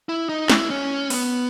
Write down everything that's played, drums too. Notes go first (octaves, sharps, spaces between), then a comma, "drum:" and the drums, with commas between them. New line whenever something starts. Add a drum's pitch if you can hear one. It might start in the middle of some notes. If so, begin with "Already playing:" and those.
E4
D#4
E4, drum: snare
C#4
B3, drum: open hi-hat